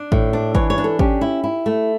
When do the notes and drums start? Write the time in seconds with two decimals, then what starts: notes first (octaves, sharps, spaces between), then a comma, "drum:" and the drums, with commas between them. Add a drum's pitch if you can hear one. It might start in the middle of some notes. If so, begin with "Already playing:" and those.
Already playing: D4
0.12 A2, drum: kick G#1
0.33 D4
0.55 E3 C#5, drum: kick G#1
0.70 C#5
0.78 D4
0.84 A4
0.99 C#4 G4, drum: kick G#1
1.21 E4
1.44 E4
1.66 A3